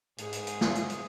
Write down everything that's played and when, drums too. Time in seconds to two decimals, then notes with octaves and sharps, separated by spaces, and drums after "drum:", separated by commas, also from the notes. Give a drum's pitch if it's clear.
0.18 G#2 G#4, drum: hi-hat
0.33 drum: hi-hat
0.47 drum: hi-hat
0.61 drum: snare
0.75 drum: hi-hat
0.90 drum: hi-hat